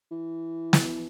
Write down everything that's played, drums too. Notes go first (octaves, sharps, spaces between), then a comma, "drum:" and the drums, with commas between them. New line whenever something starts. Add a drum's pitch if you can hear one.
E3
drum: snare